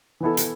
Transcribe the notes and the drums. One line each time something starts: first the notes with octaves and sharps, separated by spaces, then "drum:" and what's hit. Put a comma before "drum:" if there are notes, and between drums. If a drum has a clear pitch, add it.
E3 B3 E4 A4
drum: hi-hat